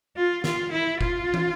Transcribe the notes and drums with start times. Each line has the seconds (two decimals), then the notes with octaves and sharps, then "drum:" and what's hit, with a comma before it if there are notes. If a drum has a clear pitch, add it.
0.16 F4
0.44 F4, drum: snare
0.72 E4
1.01 F4, drum: kick F1
1.34 drum: tom